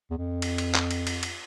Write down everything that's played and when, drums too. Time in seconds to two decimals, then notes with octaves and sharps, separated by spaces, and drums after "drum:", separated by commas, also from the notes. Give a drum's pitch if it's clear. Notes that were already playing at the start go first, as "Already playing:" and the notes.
0.10 E2
0.18 F2
0.42 drum: cymbal
0.58 drum: cymbal
0.74 drum: clap
0.91 drum: cymbal
1.07 drum: cymbal
1.23 drum: cymbal